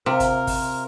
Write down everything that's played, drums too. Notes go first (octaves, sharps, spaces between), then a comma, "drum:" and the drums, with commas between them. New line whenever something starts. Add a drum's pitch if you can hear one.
C3 F4 A#4 E5
drum: kick, hi-hat
drum: kick, open hi-hat